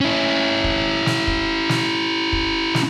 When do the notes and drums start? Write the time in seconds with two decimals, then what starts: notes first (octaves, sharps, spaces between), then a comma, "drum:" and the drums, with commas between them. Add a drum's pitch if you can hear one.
0.01 C#4 E4
0.64 drum: kick
1.06 drum: snare
1.27 drum: kick
1.69 drum: snare
2.33 drum: kick
2.75 drum: snare